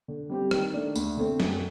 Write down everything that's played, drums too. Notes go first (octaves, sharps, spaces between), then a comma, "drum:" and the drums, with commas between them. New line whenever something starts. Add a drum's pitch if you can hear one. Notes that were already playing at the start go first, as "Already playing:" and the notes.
D3
G3 C4 G4
D#3, drum: rim click
A3 D4
D2, drum: tambourine
D3 A3 C4
F#2, drum: snare